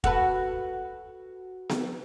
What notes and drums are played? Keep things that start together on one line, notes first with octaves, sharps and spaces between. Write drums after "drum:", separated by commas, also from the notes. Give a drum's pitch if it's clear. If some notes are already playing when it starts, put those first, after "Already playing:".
F#4 A4 B4, drum: kick
drum: snare B3